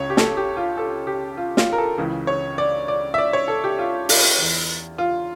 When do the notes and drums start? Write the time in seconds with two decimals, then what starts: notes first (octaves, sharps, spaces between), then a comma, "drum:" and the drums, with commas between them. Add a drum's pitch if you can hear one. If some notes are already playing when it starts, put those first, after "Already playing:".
Already playing: C#2 C#3 C#5
0.10 G4
0.17 A4, drum: snare
0.37 G4
0.57 F4
0.78 A4
1.07 G4
1.37 F4
1.57 F4, drum: snare
1.73 A#4
1.78 A4
1.98 C#2 C#3 E3
2.27 C#5
2.58 D5
2.88 D5
3.14 E5
3.18 D5
3.33 C#5
3.48 A4
3.64 G4
3.79 F4
4.09 F4, drum: open hi-hat
4.38 E2 E3
4.98 F4